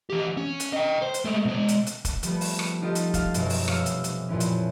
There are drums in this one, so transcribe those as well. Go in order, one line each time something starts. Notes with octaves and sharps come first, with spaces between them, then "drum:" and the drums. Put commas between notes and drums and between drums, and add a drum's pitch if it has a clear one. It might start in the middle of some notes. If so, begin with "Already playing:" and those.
E3 G4
C#4
drum: hi-hat
D#5 G5
C5
drum: hi-hat
G#3 A3
B2 G#3
drum: hi-hat
drum: hi-hat
drum: kick, hi-hat
F3 G3 A3 B3, drum: hi-hat
drum: open hi-hat
drum: rim click
D#4 F4 G4 A4 D#5
drum: hi-hat
F5 A6, drum: kick, hi-hat
F#2 B2 F#3, drum: hi-hat
drum: open hi-hat
F1 F5 E6, drum: rim click
drum: hi-hat
drum: hi-hat
F2 A#2 E3 C#4
drum: hi-hat